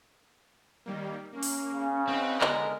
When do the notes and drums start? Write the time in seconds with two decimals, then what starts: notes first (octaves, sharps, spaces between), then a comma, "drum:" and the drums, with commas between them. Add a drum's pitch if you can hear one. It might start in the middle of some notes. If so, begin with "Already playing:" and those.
0.86 D#3 G3 A#3
1.33 A#3 C#4
1.43 drum: open hi-hat
1.74 C#3
2.08 C4 D#4 B4 F#5
2.41 D3 G#3 B3 A#4, drum: clap